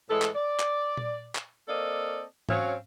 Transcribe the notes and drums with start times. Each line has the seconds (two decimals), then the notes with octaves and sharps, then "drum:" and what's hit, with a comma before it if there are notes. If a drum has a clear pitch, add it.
0.09 A2 E3 G#3 A4
0.22 drum: clap
0.34 D5
0.60 drum: clap
0.97 drum: tom A#2
1.35 drum: clap
1.68 A#3 C4 A4 D5 D#5
2.49 F#3 C4 C#4 C#5 F5, drum: tom G#2